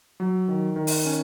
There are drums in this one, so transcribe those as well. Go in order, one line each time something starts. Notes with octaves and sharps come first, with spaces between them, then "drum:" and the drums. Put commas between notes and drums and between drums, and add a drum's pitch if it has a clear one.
F#3
D#3
D#3
drum: open hi-hat
C#4